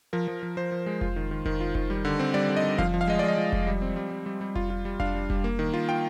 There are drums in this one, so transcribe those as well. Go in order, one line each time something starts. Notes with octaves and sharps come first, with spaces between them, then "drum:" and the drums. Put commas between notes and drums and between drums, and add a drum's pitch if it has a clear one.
F3 A#4
F3
F3
F3 C5
F3
G#3
F4, drum: kick F1
D#3
D#3
D#3, drum: kick F1
F4
D#3, drum: kick F1
G3
D3
C4
G3 D5
D3
D#5
G3
F3 F5, drum: kick F1
F3
F5
G#3 D#5
G#3 D5
D#5
F3
F3, drum: kick F1
G3
C4
G3
G3
G3
G3
F4, drum: kick F1
F4
G3
D4 F5, drum: kick F1
G3
G3, drum: kick F1
A#3
D#3
F4
F4 G5